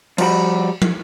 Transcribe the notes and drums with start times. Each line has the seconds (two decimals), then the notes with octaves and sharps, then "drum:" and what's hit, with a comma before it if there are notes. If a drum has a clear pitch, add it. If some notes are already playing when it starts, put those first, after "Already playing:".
0.18 F3 G3 F#4 F#5 B5, drum: cymbal
0.82 drum: tom